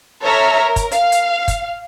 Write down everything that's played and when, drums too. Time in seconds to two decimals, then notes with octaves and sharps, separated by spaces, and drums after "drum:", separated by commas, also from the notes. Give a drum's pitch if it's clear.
0.22 A4 C#5 E5 A#5 F6
0.61 A#4
0.76 drum: kick, hi-hat
0.91 F5, drum: hi-hat
1.12 drum: hi-hat
1.48 drum: kick, hi-hat